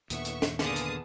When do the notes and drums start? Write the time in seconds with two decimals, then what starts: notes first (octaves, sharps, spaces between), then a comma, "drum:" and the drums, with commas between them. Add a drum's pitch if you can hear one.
0.10 D#2 A#2 D3 B3 E5 C#6, drum: hi-hat
0.25 drum: hi-hat
0.42 drum: snare
0.59 D3 A#3 B3 G#4 A5 D#6, drum: snare
0.76 drum: hi-hat